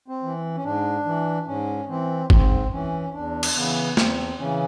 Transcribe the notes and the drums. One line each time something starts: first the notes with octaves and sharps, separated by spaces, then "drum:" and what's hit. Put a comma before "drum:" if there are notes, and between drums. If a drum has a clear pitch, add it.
C4
E3
C#4
G#2 D4
E3
G#2 C#4
E3 C4
G#2 C4, drum: kick G#1
E3 C#4
E2 D4
drum: cymbal
C#3 E3 B3
E2 C4, drum: snare
C#3 E3 C#4